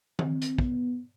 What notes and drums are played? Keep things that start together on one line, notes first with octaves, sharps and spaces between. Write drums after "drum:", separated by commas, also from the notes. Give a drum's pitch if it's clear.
C4, drum: tom D#3
drum: hi-hat
B3, drum: kick